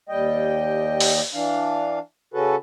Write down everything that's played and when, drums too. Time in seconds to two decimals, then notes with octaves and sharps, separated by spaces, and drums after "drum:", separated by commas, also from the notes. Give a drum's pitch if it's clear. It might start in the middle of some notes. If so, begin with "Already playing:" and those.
0.09 D#2 G3 D#5 G5
1.00 drum: open hi-hat
1.34 E3 D4 F5
2.34 C#3 C#4 F#4 A4 B4